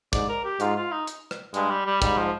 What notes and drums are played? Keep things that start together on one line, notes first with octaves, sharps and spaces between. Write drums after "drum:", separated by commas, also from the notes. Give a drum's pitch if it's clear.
G#2 D5, drum: kick, hi-hat
A#4
G4
G#2 F4, drum: hi-hat
F4
D#4
drum: hi-hat
drum: rim click
G2 G#3, drum: hi-hat
G3
G3
G#2 G3, drum: kick, hi-hat
F3